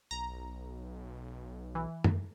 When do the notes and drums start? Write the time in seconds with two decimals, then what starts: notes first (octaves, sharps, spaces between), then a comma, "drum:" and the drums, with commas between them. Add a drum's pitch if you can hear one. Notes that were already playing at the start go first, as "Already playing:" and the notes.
0.11 B1 A#5
1.75 E3
2.04 drum: tom